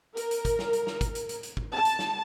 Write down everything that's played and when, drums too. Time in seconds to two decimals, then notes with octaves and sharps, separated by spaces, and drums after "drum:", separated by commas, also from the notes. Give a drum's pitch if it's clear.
0.17 A#4, drum: hi-hat
0.31 drum: hi-hat
0.45 drum: kick, hi-hat
0.59 drum: snare
0.73 drum: hi-hat
0.87 drum: snare
1.01 drum: kick, hi-hat
1.15 drum: hi-hat
1.29 drum: hi-hat
1.43 drum: hi-hat
1.57 drum: kick
1.75 A5
1.85 drum: hi-hat
1.99 drum: snare